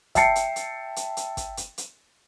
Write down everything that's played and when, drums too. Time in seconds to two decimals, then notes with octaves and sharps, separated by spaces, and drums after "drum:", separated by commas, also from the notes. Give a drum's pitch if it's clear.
0.15 E5 G5 A5 C7 C#7, drum: kick, hi-hat
0.36 drum: hi-hat
0.56 drum: hi-hat
0.96 drum: hi-hat
1.17 drum: hi-hat
1.37 drum: kick, hi-hat
1.57 drum: hi-hat
1.78 drum: hi-hat